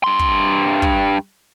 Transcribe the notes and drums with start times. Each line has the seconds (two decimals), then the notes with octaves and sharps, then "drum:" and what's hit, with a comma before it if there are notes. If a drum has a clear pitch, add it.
0.04 G2 C6
0.19 drum: kick
0.82 drum: kick